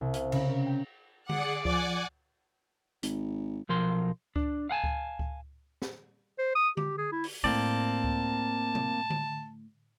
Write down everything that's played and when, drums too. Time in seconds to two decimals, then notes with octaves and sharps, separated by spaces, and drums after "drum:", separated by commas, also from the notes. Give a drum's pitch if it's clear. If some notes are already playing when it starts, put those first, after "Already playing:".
0.01 C2
0.14 F5, drum: hi-hat
0.32 C#3, drum: cymbal
0.49 A#4
0.66 G5
1.29 G#4 D5 F#5 D6, drum: tom D3
1.65 F3 D5 F#5 G#5, drum: kick C#2
3.03 G#1, drum: hi-hat
3.69 B1 F3 A#4 C6
4.36 D4, drum: kick C#2
4.69 F5 F#5 G#5 A5
4.84 drum: kick C#2
5.19 drum: kick C#2
5.82 drum: snare
6.39 C5
6.55 D#6
6.77 G4, drum: tom D3
6.98 G#4
7.12 E4
7.24 drum: open hi-hat
7.44 A2 A#3 C4 D5 A5
8.04 drum: kick C#2
8.75 drum: tom C3
9.10 drum: tom D3